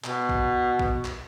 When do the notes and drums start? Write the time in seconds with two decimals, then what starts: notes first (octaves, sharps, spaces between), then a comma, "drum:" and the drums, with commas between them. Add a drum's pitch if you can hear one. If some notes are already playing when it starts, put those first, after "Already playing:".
0.04 B2, drum: clap
0.29 drum: kick
0.79 drum: kick
1.05 drum: clap